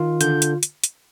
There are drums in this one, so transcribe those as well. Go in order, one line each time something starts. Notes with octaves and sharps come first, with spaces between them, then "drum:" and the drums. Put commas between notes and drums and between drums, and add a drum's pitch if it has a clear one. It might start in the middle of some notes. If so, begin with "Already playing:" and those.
Already playing: D#3 F4
D3 G6, drum: hi-hat
drum: hi-hat
drum: hi-hat
drum: hi-hat